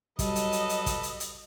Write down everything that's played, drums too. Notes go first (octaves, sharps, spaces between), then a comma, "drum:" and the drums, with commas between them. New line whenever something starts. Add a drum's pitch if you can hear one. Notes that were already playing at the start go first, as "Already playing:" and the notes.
F#3 G3 A4 B4 D#5, drum: kick, hi-hat
drum: hi-hat
drum: hi-hat
drum: hi-hat
drum: kick, hi-hat
drum: hi-hat
drum: hi-hat